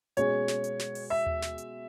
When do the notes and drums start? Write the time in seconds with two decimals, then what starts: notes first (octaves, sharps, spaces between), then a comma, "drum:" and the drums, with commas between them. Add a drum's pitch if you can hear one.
0.17 B2 G#3 C#4 G#4 C#5, drum: hi-hat
0.48 drum: snare
0.64 drum: hi-hat
0.79 drum: snare
0.95 drum: open hi-hat
1.10 E5
1.27 drum: tom D#2
1.42 drum: snare
1.58 drum: hi-hat